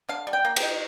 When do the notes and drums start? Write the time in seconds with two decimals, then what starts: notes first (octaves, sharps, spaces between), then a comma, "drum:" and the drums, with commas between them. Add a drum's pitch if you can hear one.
0.09 D3 F5
0.27 G3
0.33 G5
0.45 A#3
0.56 G5, drum: cymbal
0.62 D#4